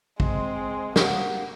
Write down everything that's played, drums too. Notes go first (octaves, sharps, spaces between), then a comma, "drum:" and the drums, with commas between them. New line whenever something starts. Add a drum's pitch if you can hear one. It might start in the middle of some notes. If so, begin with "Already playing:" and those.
G#3 C4, drum: kick
A#3 F#4 G4, drum: snare